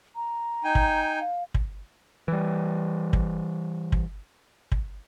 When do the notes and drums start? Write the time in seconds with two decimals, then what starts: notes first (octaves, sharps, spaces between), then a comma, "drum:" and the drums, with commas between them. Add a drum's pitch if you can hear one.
0.16 A#5
0.64 D#4 G5 G#5
0.75 drum: kick
1.20 F5
1.54 drum: kick
2.28 E3 G3
3.13 drum: kick
3.92 drum: kick
4.72 drum: kick